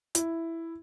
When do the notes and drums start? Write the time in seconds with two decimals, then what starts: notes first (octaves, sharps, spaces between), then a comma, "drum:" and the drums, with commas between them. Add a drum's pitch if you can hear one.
0.15 E4, drum: hi-hat